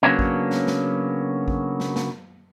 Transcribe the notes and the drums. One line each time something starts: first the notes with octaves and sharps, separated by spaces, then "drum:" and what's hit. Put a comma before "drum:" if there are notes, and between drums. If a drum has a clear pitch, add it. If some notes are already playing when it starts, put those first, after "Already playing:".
C#3 F#3 A#3 B3 C#4 D4
drum: kick A1
drum: snare
drum: snare
drum: kick A1
drum: snare
drum: snare